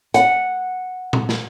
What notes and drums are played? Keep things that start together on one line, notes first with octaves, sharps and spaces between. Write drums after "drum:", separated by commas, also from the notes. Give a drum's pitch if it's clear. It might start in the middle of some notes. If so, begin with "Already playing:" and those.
F#5, drum: hi-hat
drum: tom A#2
drum: snare